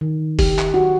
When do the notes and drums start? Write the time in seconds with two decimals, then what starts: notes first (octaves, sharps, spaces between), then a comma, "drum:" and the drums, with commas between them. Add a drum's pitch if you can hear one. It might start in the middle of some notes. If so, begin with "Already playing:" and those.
0.01 D#3
0.39 G4, drum: kick, open hi-hat
0.58 drum: clap
0.74 F#4